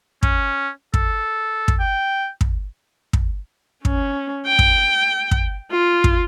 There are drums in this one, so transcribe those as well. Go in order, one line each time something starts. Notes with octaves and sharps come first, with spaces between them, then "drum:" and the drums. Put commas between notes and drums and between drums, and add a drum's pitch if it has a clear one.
C#4, drum: kick
A4, drum: kick
drum: kick
G5
drum: kick
drum: kick
C#4, drum: kick
G5
drum: kick
drum: kick
F4
drum: kick